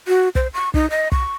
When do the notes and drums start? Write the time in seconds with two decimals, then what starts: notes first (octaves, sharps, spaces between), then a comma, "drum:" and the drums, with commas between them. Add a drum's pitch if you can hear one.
0.08 F#4
0.35 C5, drum: kick
0.54 C#6
0.74 D#4, drum: kick
0.90 D#5
1.12 C#6, drum: kick